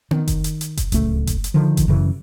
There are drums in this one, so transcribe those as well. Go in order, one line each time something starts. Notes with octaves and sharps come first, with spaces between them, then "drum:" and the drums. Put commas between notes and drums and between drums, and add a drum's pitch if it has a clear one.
D#3, drum: tom B3
drum: kick F#1, hi-hat
drum: hi-hat
drum: hi-hat
drum: kick F#1, hi-hat
D1 C#2 A3, drum: hi-hat
drum: kick F#1, hi-hat
drum: hi-hat
D3 D#3 F3
drum: kick F#1, hi-hat
F#2 C#3 E3